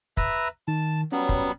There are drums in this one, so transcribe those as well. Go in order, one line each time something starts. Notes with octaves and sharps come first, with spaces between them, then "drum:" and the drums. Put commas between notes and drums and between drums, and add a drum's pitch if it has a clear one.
B4 E5 A#5, drum: kick
D#3 A5
F#3 G3 B3 C#4
drum: kick